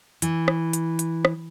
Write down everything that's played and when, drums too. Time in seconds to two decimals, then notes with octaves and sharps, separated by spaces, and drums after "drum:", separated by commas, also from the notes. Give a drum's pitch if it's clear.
0.22 E3, drum: hi-hat
0.48 drum: rim click
0.73 drum: hi-hat
0.99 drum: hi-hat
1.25 drum: rim click